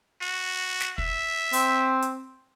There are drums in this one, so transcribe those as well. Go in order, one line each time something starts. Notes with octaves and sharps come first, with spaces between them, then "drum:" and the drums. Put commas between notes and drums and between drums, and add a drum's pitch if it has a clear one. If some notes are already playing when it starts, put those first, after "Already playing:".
F#4
drum: snare
E5, drum: kick
C4, drum: open hi-hat
drum: hi-hat